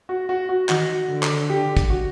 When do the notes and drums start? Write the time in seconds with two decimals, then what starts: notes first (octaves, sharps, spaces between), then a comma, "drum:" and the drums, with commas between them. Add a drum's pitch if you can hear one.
0.09 F#4
0.29 F#4
0.49 F#4
0.69 D#3 F#4, drum: clap
1.09 D3
1.23 drum: clap
1.50 G4
1.77 drum: kick, hi-hat
1.90 F#4